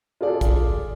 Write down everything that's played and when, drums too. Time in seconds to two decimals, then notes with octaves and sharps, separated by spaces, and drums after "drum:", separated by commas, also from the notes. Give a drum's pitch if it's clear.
0.21 F4 G#4 A4 D5
0.41 drum: kick, hi-hat